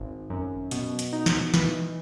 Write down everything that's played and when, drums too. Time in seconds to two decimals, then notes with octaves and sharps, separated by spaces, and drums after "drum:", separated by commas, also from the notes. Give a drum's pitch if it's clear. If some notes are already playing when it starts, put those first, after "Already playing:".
Already playing: G#1
0.30 F#2
0.71 B2, drum: hi-hat
0.99 drum: hi-hat
1.13 D#4
1.26 drum: snare
1.54 E3, drum: snare